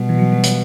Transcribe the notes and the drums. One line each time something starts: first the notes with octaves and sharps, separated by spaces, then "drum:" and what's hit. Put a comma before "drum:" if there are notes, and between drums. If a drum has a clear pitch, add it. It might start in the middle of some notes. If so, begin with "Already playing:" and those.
Already playing: B2 G3
E3
F#3
G3
F#3, drum: hi-hat